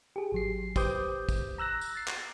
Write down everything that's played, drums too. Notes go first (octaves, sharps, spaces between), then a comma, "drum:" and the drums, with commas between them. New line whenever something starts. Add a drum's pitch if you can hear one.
G4 G#4
G#1 F#3 C7
G4 B4 C5 D6 D#6 G6, drum: kick, tambourine
drum: kick, tambourine
A#5 E6 F#6 A#6
drum: tambourine
A6 C7
drum: clap